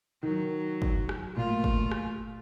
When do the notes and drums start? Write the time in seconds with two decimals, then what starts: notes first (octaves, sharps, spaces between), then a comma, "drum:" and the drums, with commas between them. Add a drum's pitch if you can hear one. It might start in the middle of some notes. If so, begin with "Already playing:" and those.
0.23 D#3 F#3
0.82 drum: kick
1.09 drum: rim click
1.37 A#2 A3 F4
1.64 drum: kick
1.91 drum: rim click